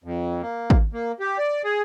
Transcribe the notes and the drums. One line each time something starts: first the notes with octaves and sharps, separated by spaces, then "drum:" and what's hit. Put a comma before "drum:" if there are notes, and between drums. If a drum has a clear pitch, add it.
F2
A#3
drum: kick
A#3
G4
D5
G#4